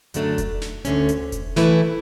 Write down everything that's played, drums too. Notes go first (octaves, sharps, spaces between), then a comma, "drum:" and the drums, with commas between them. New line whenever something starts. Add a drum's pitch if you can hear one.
F#2 D3 F#3 A3 D4, drum: hi-hat
drum: kick E1, hi-hat
drum: snare
D2 D3 A3 C#4, drum: hi-hat
drum: hi-hat
drum: kick E1, hi-hat
E3 A3 E4 B4, drum: snare